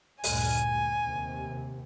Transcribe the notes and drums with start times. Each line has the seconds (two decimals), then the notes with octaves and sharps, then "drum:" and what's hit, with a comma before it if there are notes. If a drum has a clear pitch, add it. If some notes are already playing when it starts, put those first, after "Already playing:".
0.24 D2 G2 A#2 G#5, drum: open hi-hat
1.04 D#2 C3